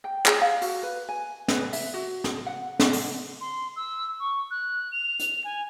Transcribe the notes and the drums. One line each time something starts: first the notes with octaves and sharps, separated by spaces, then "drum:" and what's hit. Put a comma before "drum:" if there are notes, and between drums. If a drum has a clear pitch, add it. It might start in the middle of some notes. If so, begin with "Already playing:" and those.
G5
G#4, drum: clap
F5
F#4, drum: open hi-hat
B4
G#5
B4, drum: snare
E5, drum: open hi-hat
F#4
drum: snare
F#5
drum: snare
drum: open hi-hat
C6
E6
C#6
F#6
F7
drum: hi-hat
G#5